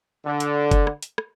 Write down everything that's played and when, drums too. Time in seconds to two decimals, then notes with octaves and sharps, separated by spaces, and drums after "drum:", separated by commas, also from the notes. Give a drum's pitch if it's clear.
0.25 D3
0.40 drum: hi-hat
0.71 drum: kick F#1, hi-hat
0.87 drum: rim click
1.03 drum: hi-hat
1.18 drum: rim click